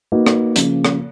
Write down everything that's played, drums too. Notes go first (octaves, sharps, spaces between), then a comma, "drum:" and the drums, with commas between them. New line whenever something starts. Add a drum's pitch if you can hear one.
A#3 D#4 F#4 B4 D#5
drum: rim click
C#3 F3 A#3, drum: hi-hat
drum: rim click